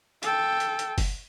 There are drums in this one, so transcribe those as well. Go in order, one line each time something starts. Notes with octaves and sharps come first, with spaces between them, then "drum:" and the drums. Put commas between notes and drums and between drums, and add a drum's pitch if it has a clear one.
A4 G5, drum: hi-hat
drum: hi-hat
drum: hi-hat
drum: kick F#1, open hi-hat